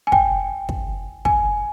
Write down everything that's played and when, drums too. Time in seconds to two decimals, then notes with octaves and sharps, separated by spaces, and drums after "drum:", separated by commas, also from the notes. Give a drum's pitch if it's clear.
0.07 G#5
0.12 G5, drum: kick
0.69 drum: kick
1.25 G#5, drum: kick